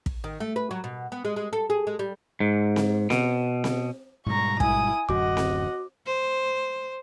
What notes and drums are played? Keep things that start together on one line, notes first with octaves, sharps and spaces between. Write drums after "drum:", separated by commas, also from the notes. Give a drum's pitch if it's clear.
drum: kick
D#3
A3
B4
F#3
B2
B3
G#3
G#3
A4
G#4
G#3
G3
G#2
drum: snare C4
B2, drum: snare C4
drum: snare C4
G#2 B2 G3 A#5 C#6
E4 G#5 D#6, drum: kick
D1 F#2 F#4 D#5 F#5 D6
drum: snare C4
C5